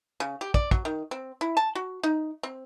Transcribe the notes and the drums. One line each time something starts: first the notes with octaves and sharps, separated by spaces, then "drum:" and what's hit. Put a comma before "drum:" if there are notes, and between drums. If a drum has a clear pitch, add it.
C#3
G4
D5, drum: kick
F#3, drum: kick
D#3
C4
E4
A5
F#4
D#4
C4